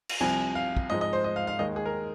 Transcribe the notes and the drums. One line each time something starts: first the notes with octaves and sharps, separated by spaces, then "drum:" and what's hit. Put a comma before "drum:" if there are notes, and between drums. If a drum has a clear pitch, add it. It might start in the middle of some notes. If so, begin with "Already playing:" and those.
drum: cymbal
C2 C3 F3 G#5
F5
drum: kick
G#2 F3 G#3 D#5
D#5
C5
D#5
F5
F5
D#2 D#3 G#3 D#5
G#4
A#4